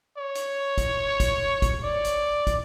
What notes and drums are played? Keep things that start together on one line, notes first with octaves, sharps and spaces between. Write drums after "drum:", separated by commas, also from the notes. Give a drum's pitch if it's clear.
C#5
drum: hi-hat
drum: kick, hi-hat
drum: kick, hi-hat
drum: kick, hi-hat
D5
drum: hi-hat
drum: kick, hi-hat